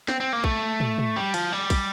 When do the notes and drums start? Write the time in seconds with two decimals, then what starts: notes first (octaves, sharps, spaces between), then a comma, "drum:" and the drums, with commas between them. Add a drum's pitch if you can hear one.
0.08 C4, drum: snare
0.20 C4
0.33 A#3
0.44 A3, drum: kick
0.80 drum: tom
0.98 drum: tom
1.16 G3
1.34 F3, drum: cymbal
1.52 G3
1.70 drum: kick, cymbal